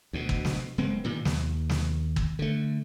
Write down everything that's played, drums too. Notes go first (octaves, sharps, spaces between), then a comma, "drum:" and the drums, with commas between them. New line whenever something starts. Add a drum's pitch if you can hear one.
D2 B2
drum: kick G1
drum: snare
F#1 G#3 B3 C4
G2 A#2 D#3
D#2, drum: snare
drum: snare
drum: kick G1
D3 A3